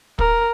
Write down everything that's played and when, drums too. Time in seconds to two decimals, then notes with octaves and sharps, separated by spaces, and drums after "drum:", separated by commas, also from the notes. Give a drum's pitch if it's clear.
0.19 A#4, drum: kick